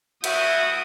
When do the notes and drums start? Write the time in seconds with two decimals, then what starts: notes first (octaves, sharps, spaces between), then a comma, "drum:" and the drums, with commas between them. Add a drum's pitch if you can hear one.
0.24 A3 E4 F#4 E5 D#6 G6, drum: cymbal